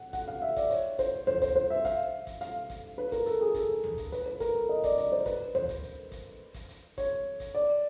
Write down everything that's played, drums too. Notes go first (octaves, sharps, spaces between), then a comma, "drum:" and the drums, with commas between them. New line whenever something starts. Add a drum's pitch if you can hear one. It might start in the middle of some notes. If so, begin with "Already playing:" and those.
Already playing: F#5
F#5, drum: kick, hi-hat
F5
E5
D5, drum: kick, hi-hat
C#5, drum: hi-hat
C5, drum: kick, hi-hat
C5, drum: tom
C5, drum: kick, hi-hat
C5
E5
F5, drum: kick, hi-hat
drum: kick, hi-hat
F5, drum: hi-hat
drum: kick, hi-hat
B4
A#4, drum: kick, hi-hat
A4, drum: hi-hat
G#4
A4, drum: kick, hi-hat
drum: tom
drum: kick, hi-hat
B4, drum: hi-hat
B4
A#4, drum: kick, hi-hat
A4
D#5
D5, drum: kick, hi-hat
D5, drum: hi-hat
C5
B4, drum: kick, hi-hat
C5, drum: tom
drum: kick, hi-hat
drum: hi-hat
drum: kick, hi-hat
drum: kick, hi-hat
drum: hi-hat
C#5, drum: kick, hi-hat
drum: kick, hi-hat
D5